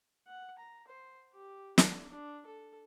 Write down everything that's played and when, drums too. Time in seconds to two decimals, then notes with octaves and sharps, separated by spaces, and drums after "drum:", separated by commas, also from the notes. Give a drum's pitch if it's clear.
0.27 F#5
0.58 A#5
0.88 C5
1.34 G4
1.78 D4, drum: snare
2.10 D4
2.46 A4